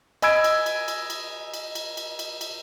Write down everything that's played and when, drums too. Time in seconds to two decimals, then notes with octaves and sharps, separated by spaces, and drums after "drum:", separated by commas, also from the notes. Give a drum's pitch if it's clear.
0.22 D#5 G#5 B5 E6 G#6 D7, drum: cymbal
0.44 drum: cymbal
0.66 drum: cymbal
0.88 drum: cymbal
1.10 drum: cymbal
1.54 drum: cymbal
1.75 drum: cymbal
1.97 drum: cymbal
2.19 drum: cymbal
2.41 drum: cymbal